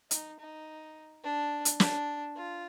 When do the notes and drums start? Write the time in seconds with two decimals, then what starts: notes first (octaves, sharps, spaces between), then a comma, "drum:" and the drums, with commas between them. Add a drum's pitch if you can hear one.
0.11 D#4, drum: hi-hat
0.39 D#4
1.24 D4
1.65 drum: hi-hat
1.80 D4, drum: snare
2.36 F4